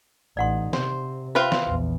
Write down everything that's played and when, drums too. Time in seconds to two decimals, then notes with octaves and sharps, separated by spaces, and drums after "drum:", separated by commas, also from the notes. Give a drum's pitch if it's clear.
0.37 A1 D#4 D5 F#5 C6
0.73 C3 C5, drum: snare
1.35 C4 F4 B4 E5
1.52 drum: snare
1.65 A#1 E2